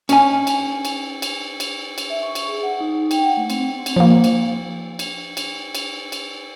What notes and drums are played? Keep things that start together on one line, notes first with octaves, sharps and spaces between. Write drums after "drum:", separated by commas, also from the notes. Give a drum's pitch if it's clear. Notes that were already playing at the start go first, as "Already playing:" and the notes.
C#4 G#5, drum: cymbal
drum: cymbal
drum: cymbal
drum: cymbal
drum: cymbal
drum: cymbal
E5
C#6
drum: cymbal
G#4
F#5
D#4
D#4
G5, drum: cymbal
F#5
A3
C4, drum: cymbal
drum: cymbal
F3 A#3
drum: cymbal
drum: cymbal
drum: cymbal
drum: cymbal
drum: cymbal